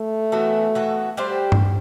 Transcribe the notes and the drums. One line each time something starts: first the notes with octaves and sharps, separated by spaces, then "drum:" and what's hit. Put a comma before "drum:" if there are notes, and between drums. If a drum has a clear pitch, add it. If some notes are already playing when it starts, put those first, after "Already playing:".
Already playing: A3
E3 B3 F#4 A4
E3 B3 F#4 A4
G3 D4 G4 C5
drum: tom G2